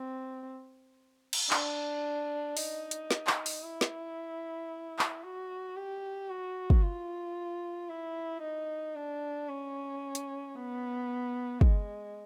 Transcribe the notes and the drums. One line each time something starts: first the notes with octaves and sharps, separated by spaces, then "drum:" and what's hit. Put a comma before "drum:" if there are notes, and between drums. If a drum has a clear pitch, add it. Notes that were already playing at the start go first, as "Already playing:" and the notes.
Already playing: C4
drum: cymbal
D4, drum: clap
D#4, drum: open hi-hat
drum: hi-hat
drum: snare
drum: clap
drum: open hi-hat
E4
drum: snare
drum: clap
F#4
G4
F#4
drum: kick
F4
E4
D#4
D4
C#4
drum: hi-hat
B3
G#3, drum: kick